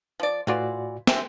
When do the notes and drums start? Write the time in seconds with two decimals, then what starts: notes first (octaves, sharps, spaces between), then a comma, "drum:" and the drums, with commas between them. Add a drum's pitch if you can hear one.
0.20 F3 D5
0.47 A2 E3 F4 F#4 D5
1.07 C3 G#3 C4 E5, drum: snare